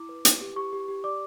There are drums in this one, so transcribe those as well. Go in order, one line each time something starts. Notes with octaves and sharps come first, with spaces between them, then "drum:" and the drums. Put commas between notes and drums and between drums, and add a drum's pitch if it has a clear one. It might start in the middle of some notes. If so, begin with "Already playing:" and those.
Already playing: E4 D6
B4
B4, drum: hi-hat
G4
G4 C#6
G4
G4
D5 D6